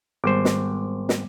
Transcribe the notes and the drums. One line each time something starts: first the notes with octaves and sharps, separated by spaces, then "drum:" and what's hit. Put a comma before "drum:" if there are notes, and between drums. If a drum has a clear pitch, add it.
G#1 G3 B3 C5 D6
drum: snare
drum: snare